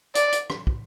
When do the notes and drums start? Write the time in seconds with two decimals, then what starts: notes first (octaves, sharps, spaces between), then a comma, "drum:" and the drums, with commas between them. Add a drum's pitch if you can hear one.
0.15 D5, drum: hi-hat
0.32 drum: hi-hat
0.50 drum: rim click
0.67 drum: kick